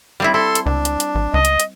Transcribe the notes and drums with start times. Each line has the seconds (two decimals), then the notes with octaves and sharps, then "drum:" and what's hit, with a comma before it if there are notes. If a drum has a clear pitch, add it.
0.20 G3 C4 E4
0.34 E4 A4 C6
0.55 drum: hi-hat
0.66 C#2 D4
0.85 drum: hi-hat
1.00 drum: hi-hat
1.15 A1
1.34 C#2 D#5
1.45 drum: hi-hat
1.60 drum: hi-hat